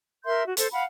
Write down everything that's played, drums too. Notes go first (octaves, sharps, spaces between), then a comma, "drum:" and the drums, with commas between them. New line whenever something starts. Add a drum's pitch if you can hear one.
A#4 E5 C6 G6
F#4
A4 C5, drum: hi-hat
F5 F#5 B5